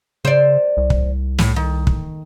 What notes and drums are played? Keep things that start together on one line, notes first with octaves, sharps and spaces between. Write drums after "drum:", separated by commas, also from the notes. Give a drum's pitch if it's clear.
C#3 C5 D5
C2
drum: kick
A2, drum: snare
D#3
drum: kick